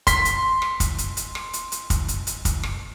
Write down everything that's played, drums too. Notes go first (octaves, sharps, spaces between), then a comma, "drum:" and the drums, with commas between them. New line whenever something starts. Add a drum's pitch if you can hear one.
C6 B6, drum: kick, hi-hat
drum: hi-hat
drum: rim click
drum: kick, hi-hat
drum: hi-hat
drum: hi-hat
drum: rim click
drum: hi-hat
drum: hi-hat
drum: kick, hi-hat
drum: hi-hat
drum: hi-hat
drum: kick, hi-hat
drum: rim click